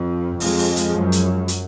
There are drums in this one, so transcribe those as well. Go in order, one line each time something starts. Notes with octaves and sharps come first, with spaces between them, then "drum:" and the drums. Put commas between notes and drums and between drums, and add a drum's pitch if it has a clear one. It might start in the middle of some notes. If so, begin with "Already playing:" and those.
Already playing: F2
F2 F3 G#3, drum: open hi-hat
drum: open hi-hat
drum: hi-hat
F#2
drum: hi-hat
drum: hi-hat